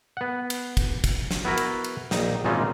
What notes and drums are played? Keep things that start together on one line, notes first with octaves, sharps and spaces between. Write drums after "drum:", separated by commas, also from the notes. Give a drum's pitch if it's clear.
B3 F#5
drum: cymbal
drum: kick, cymbal
drum: kick, cymbal
drum: snare
B3 E4 F#4 A#4 B4
drum: cymbal
drum: cymbal
A#1 D#4, drum: snare
G#1 A#2 E3 C#4 D#4 F4